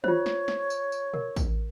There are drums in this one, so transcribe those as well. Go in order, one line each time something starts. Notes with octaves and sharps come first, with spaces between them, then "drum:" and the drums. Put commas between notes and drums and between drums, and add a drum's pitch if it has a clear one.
F4 C5 C#5, drum: tom
drum: snare
drum: snare
drum: tambourine
drum: tambourine
A#4, drum: tom A#2
drum: kick, tambourine